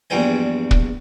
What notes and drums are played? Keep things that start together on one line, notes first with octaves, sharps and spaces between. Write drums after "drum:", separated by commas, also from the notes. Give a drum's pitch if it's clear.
A#1 E2 G2 G3 C5 G#5
drum: kick